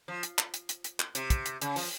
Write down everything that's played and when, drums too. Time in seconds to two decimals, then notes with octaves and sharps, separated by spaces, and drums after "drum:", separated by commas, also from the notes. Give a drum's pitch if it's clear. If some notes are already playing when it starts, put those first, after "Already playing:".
0.08 F3
0.23 drum: hi-hat
0.38 drum: clap
0.54 drum: hi-hat
0.69 drum: hi-hat
0.84 drum: hi-hat
1.00 drum: clap
1.15 C3, drum: hi-hat
1.30 drum: kick, hi-hat
1.46 drum: hi-hat
1.62 C#3, drum: hi-hat
1.76 F3, drum: open hi-hat